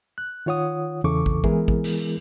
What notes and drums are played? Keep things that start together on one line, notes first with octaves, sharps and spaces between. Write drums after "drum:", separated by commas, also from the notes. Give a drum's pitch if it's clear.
F#6
D#3 F4 C#5 F#5 D#6
E2 C#3 E3 A4 C#6 D6
drum: kick
E3 G#3 B3 E4 G#4 A#4, drum: kick
drum: kick
drum: cymbal